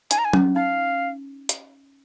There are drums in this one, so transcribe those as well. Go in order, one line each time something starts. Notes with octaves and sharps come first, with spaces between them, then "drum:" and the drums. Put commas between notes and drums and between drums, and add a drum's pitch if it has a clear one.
D#4 G#5, drum: hi-hat
A#5
G#5
C#4, drum: tom F#3
D#4 F5
drum: hi-hat